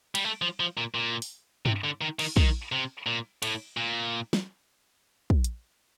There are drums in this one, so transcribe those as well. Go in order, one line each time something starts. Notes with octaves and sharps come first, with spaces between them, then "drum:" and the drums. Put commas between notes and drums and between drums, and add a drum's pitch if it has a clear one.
G3, drum: cymbal
A3
F3
F3
A#2
A#2
drum: open hi-hat
C3, drum: tom G2
D3
D#3
D#3, drum: cymbal
D#3, drum: kick
C3
A#2
A2, drum: cymbal
A#2
drum: snare
drum: kick
drum: hi-hat